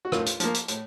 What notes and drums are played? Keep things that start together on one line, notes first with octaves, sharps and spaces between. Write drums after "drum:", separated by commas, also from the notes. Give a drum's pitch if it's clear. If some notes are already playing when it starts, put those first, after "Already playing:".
F#4
A2 F4, drum: rim click
drum: hi-hat
F3 A#3, drum: hi-hat
drum: hi-hat
A2, drum: hi-hat